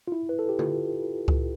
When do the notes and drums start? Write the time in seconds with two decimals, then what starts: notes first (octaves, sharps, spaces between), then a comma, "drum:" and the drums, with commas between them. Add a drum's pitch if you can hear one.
0.08 F4
0.12 E4
0.29 B4
0.39 A4
0.49 G4
0.59 F4, drum: tom D3
1.28 drum: kick C#2